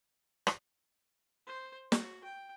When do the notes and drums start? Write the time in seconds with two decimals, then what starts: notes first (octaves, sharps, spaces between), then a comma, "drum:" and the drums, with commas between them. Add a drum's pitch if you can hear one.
0.47 drum: rim click
1.47 C5
1.92 F#4, drum: snare
2.24 G5